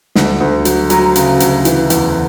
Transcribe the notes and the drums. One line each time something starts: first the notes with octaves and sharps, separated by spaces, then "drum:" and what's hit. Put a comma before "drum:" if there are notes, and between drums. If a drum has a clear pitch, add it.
D2, drum: snare
D2
F#3, drum: hi-hat
F#3 A#5, drum: hi-hat
C#3, drum: hi-hat
D2, drum: hi-hat
E3, drum: hi-hat
E2, drum: hi-hat